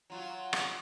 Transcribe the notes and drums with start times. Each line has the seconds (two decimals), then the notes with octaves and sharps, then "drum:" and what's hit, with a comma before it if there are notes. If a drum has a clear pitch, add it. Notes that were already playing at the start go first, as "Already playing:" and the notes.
0.10 F#3 F4 F#4
0.53 drum: rim click